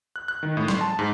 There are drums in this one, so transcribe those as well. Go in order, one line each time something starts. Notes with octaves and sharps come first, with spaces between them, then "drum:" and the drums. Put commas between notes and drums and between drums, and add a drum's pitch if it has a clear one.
F#6
F#6
D#3
A2
C6, drum: snare
A5
G#2